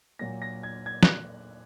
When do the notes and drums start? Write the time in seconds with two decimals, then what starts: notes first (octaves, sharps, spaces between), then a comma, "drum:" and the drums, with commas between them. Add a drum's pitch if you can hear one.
0.19 A#2 F#3 A#3 A#6
0.42 A#6
0.63 G#6
0.86 G#6
1.03 F#6, drum: snare